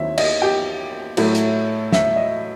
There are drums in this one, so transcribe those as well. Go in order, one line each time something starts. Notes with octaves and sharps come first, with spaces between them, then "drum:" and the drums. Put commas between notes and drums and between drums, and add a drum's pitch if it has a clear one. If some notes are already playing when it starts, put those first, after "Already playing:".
Already playing: D#2 D#3 F#3 C4 E4 E5
D#5, drum: cymbal
G4 G5
A2 F#3 A3 E4, drum: cymbal
drum: hi-hat
E5, drum: snare
D#5